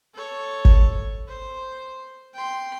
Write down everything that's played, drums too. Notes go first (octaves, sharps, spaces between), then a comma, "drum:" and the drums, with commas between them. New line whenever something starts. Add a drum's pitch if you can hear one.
A4 C#5
drum: kick G#1
C5
G5 C6